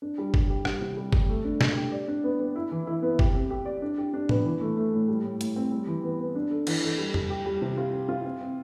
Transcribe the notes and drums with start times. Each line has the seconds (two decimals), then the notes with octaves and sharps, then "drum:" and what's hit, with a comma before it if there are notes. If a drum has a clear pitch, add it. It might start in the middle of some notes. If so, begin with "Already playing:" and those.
0.02 D4
0.18 G3
0.34 G3, drum: kick F#1
0.50 G4
0.65 G3, drum: rim click
0.81 C3
0.97 G3
1.13 G3, drum: kick F#1
1.29 A3
1.45 D4
1.61 A3, drum: snare
1.76 G4
1.92 D5
2.08 D4
2.24 B3
2.39 B3
2.56 E4
2.72 E3
2.87 E4
3.02 B3
3.19 G4, drum: kick F#1
3.34 C4
3.50 G4
3.65 D5
3.82 D4
3.98 G4
4.14 D4
4.29 B3, drum: tom A2
4.45 E3
4.61 A3
4.77 A3
4.93 A2
5.08 G3
5.24 A2
5.41 A2, drum: hi-hat
5.56 C4
5.72 G3
5.87 E3
6.03 B3
6.20 B3
6.35 D4
6.51 A4
6.67 E3, drum: cymbal
6.82 A4
6.98 G3
7.14 G3, drum: tom E2
7.30 G4
7.46 G3
7.62 C3
7.77 F4
7.93 C4
8.09 F4
8.25 C4
8.41 C4